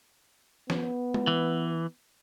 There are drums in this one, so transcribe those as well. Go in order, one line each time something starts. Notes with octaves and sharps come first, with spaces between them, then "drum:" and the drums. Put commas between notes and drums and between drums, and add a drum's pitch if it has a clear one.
B3, drum: snare
drum: tom G#3
E3